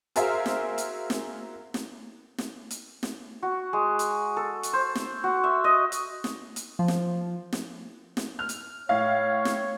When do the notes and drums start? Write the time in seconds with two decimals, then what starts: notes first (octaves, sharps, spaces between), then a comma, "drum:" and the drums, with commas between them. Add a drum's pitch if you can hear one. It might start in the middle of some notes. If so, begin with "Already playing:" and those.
0.16 F#4 G#4 A#4 C5 E5 F5, drum: hi-hat
0.46 drum: snare
0.78 drum: hi-hat
1.10 drum: snare
1.74 drum: snare
2.38 drum: snare
2.71 drum: hi-hat
3.03 drum: snare
3.43 F#4
3.73 G#3
3.99 drum: hi-hat
4.37 A4
4.63 drum: hi-hat
4.73 C5
4.95 drum: snare
5.24 F#4
5.44 E5
5.64 D#5
5.92 drum: hi-hat
6.24 drum: snare
6.56 drum: hi-hat
6.79 F3
6.88 drum: snare
7.53 drum: snare
8.17 drum: snare
8.39 F6
8.49 drum: hi-hat
8.89 A2 C#5 F5
9.45 drum: snare